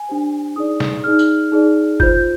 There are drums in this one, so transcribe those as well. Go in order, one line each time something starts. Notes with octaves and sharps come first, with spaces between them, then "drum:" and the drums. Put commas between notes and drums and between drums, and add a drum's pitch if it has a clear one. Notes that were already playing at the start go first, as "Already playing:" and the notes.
Already playing: G#5
D4 G4 C5
D#4 G#4 D5 D#6
drum: snare
D#4 G#4 D5 F6
drum: tambourine
D#4 G#4 D5
F4 C5 G6, drum: kick G1